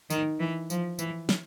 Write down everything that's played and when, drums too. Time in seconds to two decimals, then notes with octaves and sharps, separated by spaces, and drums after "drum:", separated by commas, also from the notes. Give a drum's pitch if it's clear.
0.10 D#3, drum: tambourine
0.40 E3
0.70 F3, drum: tambourine
0.99 E3, drum: tambourine
1.29 drum: snare